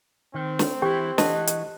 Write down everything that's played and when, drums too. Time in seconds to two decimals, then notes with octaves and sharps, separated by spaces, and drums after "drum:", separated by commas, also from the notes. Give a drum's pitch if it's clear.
0.34 D#3 C4
0.59 drum: snare
0.82 E3 E4 G4 G5
1.18 E3 F#4 D#5 A5, drum: snare
1.47 drum: hi-hat